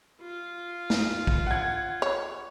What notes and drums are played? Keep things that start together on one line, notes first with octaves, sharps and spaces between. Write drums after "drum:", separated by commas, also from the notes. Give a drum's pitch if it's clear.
F4
drum: snare
drum: kick
F#5 G#6
C#5